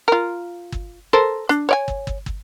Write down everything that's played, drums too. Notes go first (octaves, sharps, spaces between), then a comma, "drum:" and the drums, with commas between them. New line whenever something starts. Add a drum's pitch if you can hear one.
F4 A#4
drum: kick
A4 A#4 C5
D4, drum: rim click
C#5 D5 G#5
drum: kick
drum: kick
drum: kick